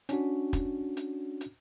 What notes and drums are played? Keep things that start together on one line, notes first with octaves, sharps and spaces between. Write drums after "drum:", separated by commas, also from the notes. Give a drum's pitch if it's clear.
C#4 D4 F#4, drum: hi-hat
drum: kick, hi-hat
drum: hi-hat
drum: hi-hat